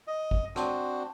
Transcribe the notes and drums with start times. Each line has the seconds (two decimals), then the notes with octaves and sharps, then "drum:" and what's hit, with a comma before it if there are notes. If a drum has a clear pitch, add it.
0.07 D#5
0.31 drum: kick
0.56 C4 D4 F#4 C5, drum: rim click